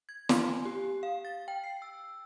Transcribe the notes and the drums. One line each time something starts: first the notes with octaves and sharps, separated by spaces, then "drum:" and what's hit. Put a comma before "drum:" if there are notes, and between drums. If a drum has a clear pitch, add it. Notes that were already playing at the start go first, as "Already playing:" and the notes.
G#6
C6, drum: snare
G#5
G4
F5
A6
G5
C7
E6